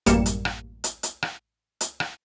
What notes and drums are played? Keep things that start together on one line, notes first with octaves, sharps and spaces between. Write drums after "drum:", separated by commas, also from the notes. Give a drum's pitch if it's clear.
A1 F#2 G3 A#3 C#7 E7, drum: hi-hat
drum: hi-hat
drum: rim click
drum: hi-hat
drum: hi-hat
drum: rim click
drum: hi-hat
drum: rim click